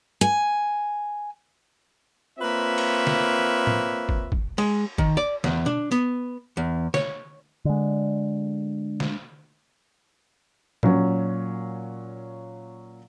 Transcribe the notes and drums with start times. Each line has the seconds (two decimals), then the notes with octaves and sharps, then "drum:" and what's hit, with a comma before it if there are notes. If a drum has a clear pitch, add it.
0.21 G#5
2.39 A#3 C4 F4 B4 C#5 E5
2.78 drum: cymbal
3.07 drum: snare
3.67 drum: tom A2
4.09 drum: kick
4.32 drum: kick
4.58 G#3, drum: cymbal
4.98 D#3, drum: kick
5.17 D5
5.44 E2, drum: snare
5.66 D4, drum: tom B2
5.92 B3, drum: hi-hat
6.57 E2
6.94 C#5, drum: snare
7.65 D3 G#3
9.00 drum: snare
10.83 A#2 F#3 C#4, drum: tom A2